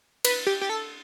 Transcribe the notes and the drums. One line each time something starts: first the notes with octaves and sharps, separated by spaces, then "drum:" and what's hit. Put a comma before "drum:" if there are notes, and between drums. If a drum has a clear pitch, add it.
B4, drum: cymbal
G4
G4
A4